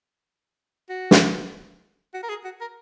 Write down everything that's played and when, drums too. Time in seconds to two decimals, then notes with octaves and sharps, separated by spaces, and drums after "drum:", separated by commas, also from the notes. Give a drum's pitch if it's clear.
0.89 F#4
1.11 drum: snare
2.14 F#4
2.23 A#4
2.29 G#4
2.44 F#4
2.61 A#4